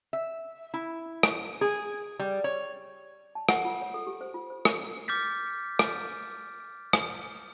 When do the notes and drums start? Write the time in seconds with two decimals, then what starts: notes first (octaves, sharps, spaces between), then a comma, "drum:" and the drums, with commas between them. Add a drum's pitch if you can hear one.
0.13 E5
0.74 E4
1.23 drum: rim click
1.61 G#4
2.19 G3
2.44 C#5
3.35 A5
3.49 F#5, drum: rim click
3.65 F4
3.82 C#5
3.94 A4
4.07 G4
4.21 C5
4.34 F4
4.50 C5
4.65 drum: rim click
5.08 D6 F6 G6 A6 B6
5.79 drum: rim click
6.93 drum: rim click